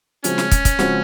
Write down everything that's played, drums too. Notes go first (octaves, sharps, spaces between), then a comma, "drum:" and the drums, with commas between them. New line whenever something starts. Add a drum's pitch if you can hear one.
C#3 F3 G#3 C4 C#4 F#4, drum: hi-hat
drum: snare
drum: kick, hi-hat
drum: kick, hi-hat
C#3 F3 G#3 C4 F#4, drum: snare